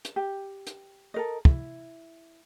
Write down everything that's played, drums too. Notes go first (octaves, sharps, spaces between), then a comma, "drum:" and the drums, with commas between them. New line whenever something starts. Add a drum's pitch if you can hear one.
drum: hi-hat
G4
drum: hi-hat
A4 A#4 D#5
E4, drum: kick